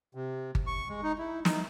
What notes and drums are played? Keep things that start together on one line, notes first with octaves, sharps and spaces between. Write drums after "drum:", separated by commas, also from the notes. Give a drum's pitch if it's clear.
C3
drum: kick G1
C#6
G#3
D#4
E4
D#4, drum: snare